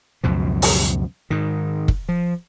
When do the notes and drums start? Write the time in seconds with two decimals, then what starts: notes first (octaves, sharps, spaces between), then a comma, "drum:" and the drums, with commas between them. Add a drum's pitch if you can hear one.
0.24 C#2 F#2 B2 F3
0.62 drum: open hi-hat
1.30 G#2 D#3
1.88 drum: kick
2.09 F3